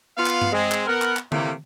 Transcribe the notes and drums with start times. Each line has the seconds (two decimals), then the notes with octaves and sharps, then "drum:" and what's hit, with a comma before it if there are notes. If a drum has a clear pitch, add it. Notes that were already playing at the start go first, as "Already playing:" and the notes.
0.17 B3 F4 F5
0.26 drum: clap
0.41 drum: tom G2
0.53 G#3 C4
0.72 drum: clap
0.88 B3 A#4 F#5
1.02 drum: clap
1.17 drum: clap
1.32 A2 C3 A3 A#3, drum: tom D3